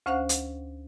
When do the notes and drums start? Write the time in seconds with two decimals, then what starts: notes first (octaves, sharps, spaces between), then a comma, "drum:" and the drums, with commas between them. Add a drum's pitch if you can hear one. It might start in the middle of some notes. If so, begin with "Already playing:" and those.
0.06 D2 C#4 C5 F5 F#5 F#6
0.29 drum: hi-hat